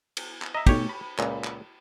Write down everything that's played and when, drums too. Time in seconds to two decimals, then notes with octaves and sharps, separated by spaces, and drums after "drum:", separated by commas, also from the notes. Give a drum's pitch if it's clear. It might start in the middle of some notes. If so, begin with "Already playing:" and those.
0.17 drum: cymbal
0.42 drum: clap
0.54 D#5 E5 A#5
0.67 B2 A3 D#4 G4 C#5, drum: kick, cymbal
0.89 B5
1.19 C#2 A#2, drum: clap
1.44 drum: clap